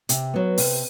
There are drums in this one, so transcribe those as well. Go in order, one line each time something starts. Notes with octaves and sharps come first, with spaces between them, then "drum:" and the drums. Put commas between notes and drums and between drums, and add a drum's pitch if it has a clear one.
C3, drum: hi-hat
F#3 B3
C3, drum: open hi-hat